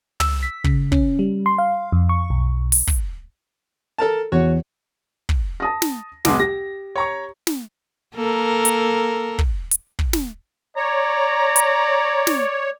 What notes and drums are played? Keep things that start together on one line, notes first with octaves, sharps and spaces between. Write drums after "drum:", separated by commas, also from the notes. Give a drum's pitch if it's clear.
E6, drum: tom
B6
C#3, drum: kick
C#4, drum: kick
G3
C6
F5
F2
C#6
B1
drum: open hi-hat
drum: kick
A4 A#4 A5
E2 F#4 C#5
drum: kick
A5 D#6 A#6
drum: snare
B1 B2 G#3 D6, drum: snare
G4 A#6
C#5 A#5 C#6
drum: snare
A#3 A4 A#4
drum: hi-hat
drum: kick
drum: hi-hat
drum: kick
drum: snare
C#5 D5 A#5
drum: hi-hat
drum: snare